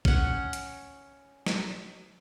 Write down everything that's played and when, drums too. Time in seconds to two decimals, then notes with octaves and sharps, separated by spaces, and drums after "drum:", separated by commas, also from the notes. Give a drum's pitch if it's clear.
0.05 C#4 F#5, drum: kick
0.53 drum: hi-hat
1.46 drum: snare